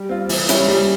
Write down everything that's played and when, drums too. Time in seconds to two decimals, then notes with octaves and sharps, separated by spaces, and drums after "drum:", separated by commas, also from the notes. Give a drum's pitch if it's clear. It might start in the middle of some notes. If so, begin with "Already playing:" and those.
Already playing: G3
0.09 C4 F4
0.29 E3, drum: open hi-hat
0.49 G3 C#4 E4, drum: hi-hat
0.68 G3